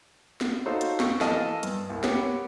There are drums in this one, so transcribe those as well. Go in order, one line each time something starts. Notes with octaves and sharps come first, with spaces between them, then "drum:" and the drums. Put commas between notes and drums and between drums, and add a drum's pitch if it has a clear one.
drum: snare
D#4 F4 F#4 A4 C5 C#5
drum: hi-hat
C#6, drum: snare
E3 A4 D#5 F5 A5 F6, drum: snare
G2, drum: hi-hat
C2
B3 G4 A#4 C#5, drum: snare